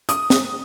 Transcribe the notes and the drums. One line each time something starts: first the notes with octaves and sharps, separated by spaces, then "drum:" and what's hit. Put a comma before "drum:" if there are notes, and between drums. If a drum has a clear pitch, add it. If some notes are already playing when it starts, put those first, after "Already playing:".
D#6, drum: hi-hat
drum: snare